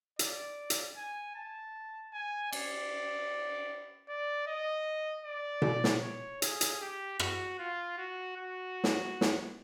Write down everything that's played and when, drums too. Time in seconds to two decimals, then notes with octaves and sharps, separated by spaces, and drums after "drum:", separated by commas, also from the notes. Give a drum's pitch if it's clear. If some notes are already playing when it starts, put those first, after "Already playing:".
0.19 D5, drum: hi-hat
0.70 drum: hi-hat
0.97 G#5
1.35 A5
2.14 G#5
2.53 D5, drum: cymbal
4.09 D5
4.47 D#5
5.25 D5
5.62 drum: tom B2
5.84 drum: snare
6.03 C#5
6.42 G#4, drum: hi-hat
6.61 drum: hi-hat
6.81 G4
7.20 F#4, drum: rim click
7.59 F4
7.98 F#4
8.37 F#4
8.84 drum: snare
9.21 drum: snare